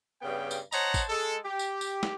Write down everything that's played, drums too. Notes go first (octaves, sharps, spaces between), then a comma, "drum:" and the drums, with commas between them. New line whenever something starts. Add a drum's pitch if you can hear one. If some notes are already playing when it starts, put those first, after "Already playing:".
G2 C#3 B3 G4 G5
drum: tambourine
C5 C#5 D#5 F#5 A5 A#5, drum: tambourine
drum: kick A1, tambourine
G#3 A4
G4
drum: tambourine
drum: tambourine
drum: snare